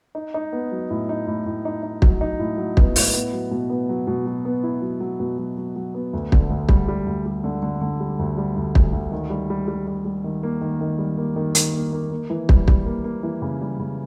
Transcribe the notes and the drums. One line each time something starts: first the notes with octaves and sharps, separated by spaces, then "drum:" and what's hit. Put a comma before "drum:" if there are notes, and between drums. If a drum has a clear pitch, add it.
D#4
D#4
B3
F#3
A2
D#4
A2
A2
D#4
D#4
F#3, drum: kick
D#4
A2
F#3
B3, drum: kick
A2, drum: open hi-hat
B3
F#3
B2
B3
F#3
B2
F#3
B3
E4
F#3
F#3
B2
F#3
F#3
F#3
B3
D2
D3, drum: kick
D2
G3, drum: kick
G3
D2
G3
D3
D3
D3
G3
D2
G3
D2
D2, drum: kick
D2
D#3
G3
G3
G3
G3
G3
D#3
A#3
D#3
D#3
G3
A#3
D#3
D#3, drum: hi-hat
A#3
A#3
A#3
E3
G3, drum: kick
G3, drum: kick
A#3
A#3
E3
C#3
G3
C#3